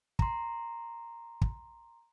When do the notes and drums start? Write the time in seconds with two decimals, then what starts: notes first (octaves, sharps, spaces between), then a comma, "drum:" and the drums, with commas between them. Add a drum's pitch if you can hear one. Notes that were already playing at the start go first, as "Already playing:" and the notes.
0.19 A#5 C6, drum: kick
1.41 drum: kick